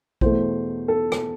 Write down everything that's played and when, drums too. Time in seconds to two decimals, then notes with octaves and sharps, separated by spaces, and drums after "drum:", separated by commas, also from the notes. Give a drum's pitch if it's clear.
0.21 E2 B2 A3 C5, drum: kick A#1
0.88 A4
1.12 drum: rim click